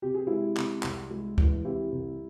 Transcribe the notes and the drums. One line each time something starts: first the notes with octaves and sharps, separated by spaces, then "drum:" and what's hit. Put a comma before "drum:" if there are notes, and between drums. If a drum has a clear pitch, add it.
C3 G4
G#4
G#3 E4 G4
C3, drum: clap
C2, drum: clap
G#3
E3, drum: kick C#2
C3 E4 G4
C2